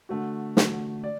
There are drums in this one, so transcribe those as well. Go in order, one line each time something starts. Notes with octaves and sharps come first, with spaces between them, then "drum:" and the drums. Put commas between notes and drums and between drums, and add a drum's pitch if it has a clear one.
D3 A3 F#4
D3 A3 F#4, drum: snare
D5